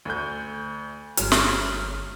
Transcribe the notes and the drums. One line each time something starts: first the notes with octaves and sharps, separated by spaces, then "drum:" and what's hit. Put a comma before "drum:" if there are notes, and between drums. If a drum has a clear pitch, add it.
D2 A3 G6
G1 F#3 G#3 F6, drum: hi-hat
drum: snare